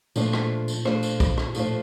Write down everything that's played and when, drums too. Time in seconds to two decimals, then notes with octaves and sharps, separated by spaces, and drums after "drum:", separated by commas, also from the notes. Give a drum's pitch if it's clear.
0.16 A#2 F3 A3 D4 F4 C5, drum: tambourine
0.33 drum: rim click
0.68 drum: tambourine
0.85 F3 A3 D4 F4 C5, drum: rim click
1.03 drum: tambourine
1.20 drum: kick, tambourine
1.38 drum: rim click
1.55 A2 F3 A3 D4 F4 C5, drum: tambourine
1.65 A#2